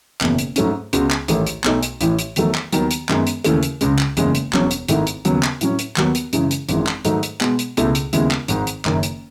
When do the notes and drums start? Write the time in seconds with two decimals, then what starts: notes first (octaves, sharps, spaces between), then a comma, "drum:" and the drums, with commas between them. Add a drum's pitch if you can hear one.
0.21 F#1 E2 B2, drum: clap
0.38 drum: hi-hat
0.56 G#2 F#3 A3 C#4, drum: hi-hat
0.93 C#2 C#3 G#3 B3 F#4, drum: hi-hat
1.11 drum: clap
1.28 A1 G#2 D#3 A3, drum: hi-hat
1.47 drum: hi-hat
1.64 B1 B2 A3 D#4, drum: clap
1.83 drum: hi-hat
2.01 A1 A2 E3, drum: hi-hat
2.19 drum: hi-hat
2.36 E2 D#3 F#3 A3, drum: hi-hat
2.55 drum: clap
2.72 D#2 D#3 F#3 B3, drum: hi-hat
2.91 drum: hi-hat
3.09 F#2 D#3 G#3 B3, drum: clap
3.27 drum: hi-hat
3.44 D#2 C#3 E3 A3, drum: hi-hat
3.63 drum: hi-hat
3.81 C#2 C#3 G#3, drum: hi-hat
3.99 drum: clap
4.17 F#1 E2 C#3 G#3, drum: hi-hat
4.35 drum: hi-hat
4.53 E1 E2 B2 F#3 C#4, drum: clap
4.71 drum: hi-hat
4.88 G#1 G#2 D#3 A3 E4, drum: hi-hat
5.07 drum: hi-hat
5.25 D#2 C#3 F#3 B3, drum: hi-hat
5.43 drum: clap
5.61 A2 F#3 C#4, drum: hi-hat
5.79 drum: hi-hat
5.96 D#2 D#3 F#3 B3 F#4, drum: clap
6.15 drum: hi-hat
6.33 F#2 C#3 E3 G#3, drum: hi-hat
6.51 drum: hi-hat
6.69 G#1 F#2 E3 G#3, drum: hi-hat
6.87 drum: clap
7.05 G#2 D#3 F#3 A3 D#4, drum: hi-hat
7.23 drum: hi-hat
7.41 B2 G#3 B3, drum: clap
7.59 drum: hi-hat
7.77 C#2 B2 A3 E4, drum: hi-hat
7.95 drum: hi-hat
8.13 D#2 C#3 G#3 B3 E4, drum: hi-hat
8.31 drum: clap
8.48 G#1 G#2 D#3, drum: hi-hat
8.67 drum: hi-hat
8.85 F#1 F#2 D#3, drum: clap
9.03 drum: hi-hat